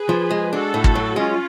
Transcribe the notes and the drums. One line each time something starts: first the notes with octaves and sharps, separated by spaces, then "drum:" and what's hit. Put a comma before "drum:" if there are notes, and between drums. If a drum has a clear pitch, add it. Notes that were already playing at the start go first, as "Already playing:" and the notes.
Already playing: G#4 B4
F3
G#3
D4 F#4 A4
A2
drum: kick
F#3
G#3 C#4 F4